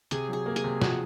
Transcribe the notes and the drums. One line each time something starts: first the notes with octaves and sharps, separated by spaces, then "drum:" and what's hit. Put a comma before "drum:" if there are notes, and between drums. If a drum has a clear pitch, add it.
C3 G#4, drum: hi-hat
F#3 G#4
A#3
G#4, drum: hi-hat
C3
F3 F#4, drum: snare